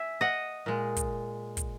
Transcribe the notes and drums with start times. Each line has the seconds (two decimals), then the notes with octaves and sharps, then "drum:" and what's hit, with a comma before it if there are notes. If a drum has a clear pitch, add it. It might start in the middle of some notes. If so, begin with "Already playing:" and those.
Already playing: E5 G#5
0.21 D#5 F#5
0.66 A#2 G#3
0.97 drum: kick, hi-hat
1.57 drum: kick, hi-hat